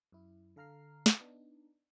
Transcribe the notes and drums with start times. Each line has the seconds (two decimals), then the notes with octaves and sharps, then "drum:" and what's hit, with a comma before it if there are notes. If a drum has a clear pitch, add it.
0.12 F#2 E4
0.56 D3 A4 F5 A#5 F6 C7
1.06 drum: snare
1.20 B3 D4 D#4